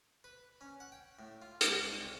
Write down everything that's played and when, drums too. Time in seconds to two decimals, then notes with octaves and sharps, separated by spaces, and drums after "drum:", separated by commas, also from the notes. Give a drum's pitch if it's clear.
0.24 B4
0.61 C#4
0.80 F#5
0.92 G5
1.19 A2
1.42 F4
1.61 C#2, drum: hi-hat
1.86 C2
2.05 C3